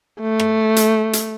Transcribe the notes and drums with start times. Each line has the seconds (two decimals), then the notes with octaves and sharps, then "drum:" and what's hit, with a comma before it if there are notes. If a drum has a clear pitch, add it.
0.21 A3
0.40 drum: rim click
0.76 drum: hi-hat
1.13 drum: hi-hat